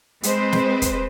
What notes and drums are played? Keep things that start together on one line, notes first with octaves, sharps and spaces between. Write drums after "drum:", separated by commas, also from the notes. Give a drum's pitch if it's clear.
G#3 C4 B4 C5, drum: hi-hat
drum: snare
drum: kick, hi-hat